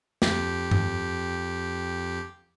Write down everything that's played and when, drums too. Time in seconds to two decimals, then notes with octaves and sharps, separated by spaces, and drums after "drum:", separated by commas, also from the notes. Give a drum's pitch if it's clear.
0.22 F2 G4, drum: snare
0.71 drum: tom G2